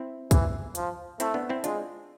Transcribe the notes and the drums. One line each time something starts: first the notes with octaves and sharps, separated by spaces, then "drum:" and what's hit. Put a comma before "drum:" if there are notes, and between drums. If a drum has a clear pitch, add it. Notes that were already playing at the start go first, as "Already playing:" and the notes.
Already playing: C4 E4
E3, drum: kick, hi-hat
F3, drum: hi-hat
A3 C4 E4, drum: hi-hat
B3 D4
C4 E4
G#3 D4 F4, drum: hi-hat